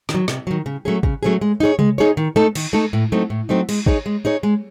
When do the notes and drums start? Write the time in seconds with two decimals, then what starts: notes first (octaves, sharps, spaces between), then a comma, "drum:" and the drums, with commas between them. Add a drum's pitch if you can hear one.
0.09 D#3, drum: snare
0.14 F#3
0.28 C3, drum: snare
0.47 D#3 F#3
0.66 C#3
0.85 F#3 A3 C#4 G#4
1.03 C#3, drum: kick
1.23 F#3 A3 C#4 G#4
1.41 G#3
1.60 D#4 G#4 C#5
1.79 G#3, drum: tom C3
1.98 D#4 G#4 C#5
2.17 D#3
2.36 A3 D#4 A4
2.55 D#3, drum: cymbal
2.73 A3 D#4 A4
2.93 A2
3.12 F#3 A3 C4 D#4
3.30 A2
3.49 F#3 A3 C4 D#4
3.69 G#3, drum: cymbal
3.86 D#4 G#4 C#5, drum: kick
4.06 G#3
4.25 D#4 G#4 C#5
4.43 G#3